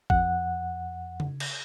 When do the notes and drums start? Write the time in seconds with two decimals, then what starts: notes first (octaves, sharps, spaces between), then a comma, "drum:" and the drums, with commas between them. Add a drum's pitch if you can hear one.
0.10 F2 F#5, drum: kick A1
1.20 drum: tom C#3
1.40 drum: cymbal